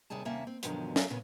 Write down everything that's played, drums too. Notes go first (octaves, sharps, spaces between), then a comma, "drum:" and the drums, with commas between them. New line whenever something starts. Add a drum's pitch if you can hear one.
D#2 C3 G3 G#4 A5
D#2 C3 A#3 C#4 E5 A5
C4
G2 B2 D3 D#3 F3 F#3, drum: hi-hat
F#3 A4 A#4 E5 F5, drum: snare
A#2 C#3 B3 C#4